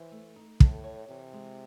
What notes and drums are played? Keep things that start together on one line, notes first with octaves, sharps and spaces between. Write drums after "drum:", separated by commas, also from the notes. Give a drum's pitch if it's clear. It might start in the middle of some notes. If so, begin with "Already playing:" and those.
Already playing: E3 C5
A3
D#4
A2 A4, drum: kick
C#5
C3 E3
G#3